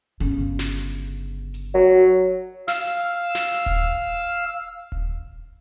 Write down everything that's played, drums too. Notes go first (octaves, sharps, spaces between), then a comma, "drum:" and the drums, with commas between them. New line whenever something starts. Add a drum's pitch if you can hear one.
G1 C#3
drum: snare
drum: hi-hat
F#3
F5 E6, drum: snare
drum: snare
drum: kick D#1
drum: kick D#1